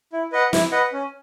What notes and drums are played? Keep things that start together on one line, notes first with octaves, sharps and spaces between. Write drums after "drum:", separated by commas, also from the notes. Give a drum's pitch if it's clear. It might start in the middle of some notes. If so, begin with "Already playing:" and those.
E4
B4 D#5 F#5
E4, drum: snare
B4 D#5 F#5
C#4